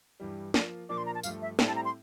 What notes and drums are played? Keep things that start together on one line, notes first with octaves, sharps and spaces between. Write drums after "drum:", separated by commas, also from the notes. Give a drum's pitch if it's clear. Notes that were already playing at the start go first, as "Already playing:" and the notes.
G2 E3 G3
F3 A#3 F4, drum: snare
A#2 F3 A#3 D4 D6
C6
A#5
A5
G2 F3 A3 F5, drum: tambourine
E5
A2 G3 C4 E4 A4 G5, drum: snare
A5
A#5
C6